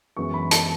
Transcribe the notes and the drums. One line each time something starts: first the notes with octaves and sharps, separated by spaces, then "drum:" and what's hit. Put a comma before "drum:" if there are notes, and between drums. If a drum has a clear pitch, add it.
F#2 E3 G#3 B3 C#6
B5
A5, drum: hi-hat